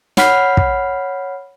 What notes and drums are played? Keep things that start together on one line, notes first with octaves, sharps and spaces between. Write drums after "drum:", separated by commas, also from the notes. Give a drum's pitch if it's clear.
C#5 F#5 B5 F6 B6 C7, drum: snare
drum: kick